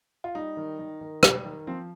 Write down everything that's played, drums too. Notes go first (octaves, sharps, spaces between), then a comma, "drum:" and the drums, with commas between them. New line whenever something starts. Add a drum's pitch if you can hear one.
F4
G3 D#4
D#3
D#3
D#3
G3, drum: rim click
D#3
F3 C4